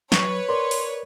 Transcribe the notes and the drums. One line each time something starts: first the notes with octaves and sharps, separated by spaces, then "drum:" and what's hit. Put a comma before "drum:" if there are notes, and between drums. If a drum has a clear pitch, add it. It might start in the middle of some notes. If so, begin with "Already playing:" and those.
F#3 B4 C#5 C#6, drum: snare
A#4 D5 C6
drum: open hi-hat